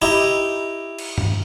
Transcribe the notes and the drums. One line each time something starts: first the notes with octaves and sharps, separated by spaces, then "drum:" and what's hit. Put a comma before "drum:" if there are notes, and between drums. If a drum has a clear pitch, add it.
D#4 E4 G4
drum: cymbal
drum: tom G2